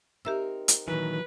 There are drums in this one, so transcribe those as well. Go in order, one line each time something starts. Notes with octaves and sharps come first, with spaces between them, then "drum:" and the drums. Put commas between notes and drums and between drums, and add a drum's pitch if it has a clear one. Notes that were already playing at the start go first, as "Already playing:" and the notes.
C4 D#4 G4 A#4 E5 E6
drum: hi-hat
A#2 D#3 E3 F#3 B4